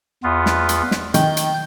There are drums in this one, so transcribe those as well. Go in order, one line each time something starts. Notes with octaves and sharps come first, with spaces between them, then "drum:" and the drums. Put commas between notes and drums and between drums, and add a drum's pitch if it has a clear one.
E2 B3 F4
drum: snare
drum: hi-hat
drum: snare
D#3 G6, drum: hi-hat
drum: hi-hat